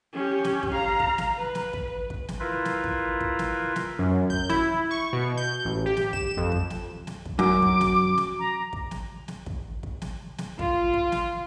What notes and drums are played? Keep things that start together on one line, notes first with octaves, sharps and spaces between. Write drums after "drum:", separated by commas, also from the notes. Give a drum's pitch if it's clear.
C#4 G4
drum: snare
drum: kick
F5 A#5
drum: kick
drum: snare
B4
drum: snare
drum: kick
drum: kick
drum: snare
E4 F4 A#4 B4
drum: snare
drum: kick
drum: kick
drum: snare
drum: snare
F#2
G6, drum: kick
E4, drum: snare
C#6
B2
G6
A1
G4
drum: snare
E7, drum: kick
F2
drum: kick
drum: snare
drum: snare
drum: kick
F#2 D6
drum: kick
drum: snare
drum: snare
A#5
drum: kick
drum: snare
drum: snare
drum: kick
drum: kick
drum: snare
drum: snare
F4, drum: kick
drum: kick
drum: snare